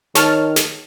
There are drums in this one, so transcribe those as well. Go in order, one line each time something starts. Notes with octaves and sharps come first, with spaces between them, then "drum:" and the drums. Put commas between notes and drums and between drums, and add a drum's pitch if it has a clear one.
D#3 C#5 A5 F6, drum: snare
drum: snare